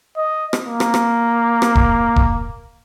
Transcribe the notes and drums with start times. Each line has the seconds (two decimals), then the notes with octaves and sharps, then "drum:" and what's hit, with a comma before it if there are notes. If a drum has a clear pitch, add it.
0.17 D#5
0.53 drum: rim click
0.67 A#3
0.80 drum: rim click
0.94 drum: rim click
1.62 drum: rim click
1.75 drum: kick E1
2.16 drum: kick E1